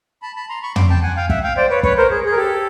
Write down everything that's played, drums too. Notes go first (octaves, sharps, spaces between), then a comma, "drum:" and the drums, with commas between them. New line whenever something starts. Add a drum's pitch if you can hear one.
A5 B5
A5 B5
A#5 C6
B5 C#6
C6 D6, drum: tom
G5 A5
F#5 G#5
F5 G5
E5 F#5, drum: kick
F5 G5
C5 D5
B4 C#5
B4 C#5, drum: kick
A#4 C5
G#4
G#4
A#4
G4 A4